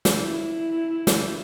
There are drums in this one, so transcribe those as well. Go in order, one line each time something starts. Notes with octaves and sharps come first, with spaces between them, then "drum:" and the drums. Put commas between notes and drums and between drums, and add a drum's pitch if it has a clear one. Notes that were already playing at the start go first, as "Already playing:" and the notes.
drum: snare
E4
drum: snare